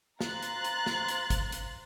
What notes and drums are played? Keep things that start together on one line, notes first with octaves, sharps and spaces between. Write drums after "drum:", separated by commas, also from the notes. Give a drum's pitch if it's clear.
C5 F5 A#5 C6 F#6 A6, drum: snare
drum: hi-hat
drum: hi-hat
drum: snare
drum: hi-hat
drum: kick G1, hi-hat
drum: hi-hat